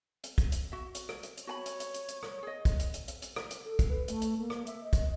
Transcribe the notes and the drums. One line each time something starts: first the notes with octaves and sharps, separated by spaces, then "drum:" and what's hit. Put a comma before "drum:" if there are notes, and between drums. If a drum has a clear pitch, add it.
drum: hi-hat
drum: kick, hi-hat
drum: hi-hat
F#4 E5
drum: hi-hat
drum: rim click
drum: hi-hat
drum: hi-hat
F#4 C#5 G#5 B5
drum: hi-hat
drum: hi-hat
drum: hi-hat
drum: hi-hat
drum: rim click
G#4 D#5
drum: kick, hi-hat
drum: hi-hat
drum: hi-hat
drum: hi-hat
drum: hi-hat
drum: rim click
drum: hi-hat
A4
drum: kick, hi-hat
B4
A3, drum: hi-hat
drum: hi-hat
A#3
drum: rim click
E5, drum: hi-hat
D#5
drum: kick, hi-hat